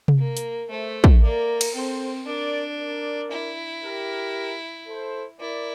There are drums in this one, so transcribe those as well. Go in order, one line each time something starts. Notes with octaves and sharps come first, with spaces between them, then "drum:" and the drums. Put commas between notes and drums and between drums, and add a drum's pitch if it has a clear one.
drum: tom C3
A#3
drum: hi-hat
A3 C5 E5
drum: kick
A#3 A#4 D5
drum: cymbal
C4 A4 C5
D4 A#4 D5
A#4 D5
E4
G4 A#4
A4 C5
E4 A#4 D5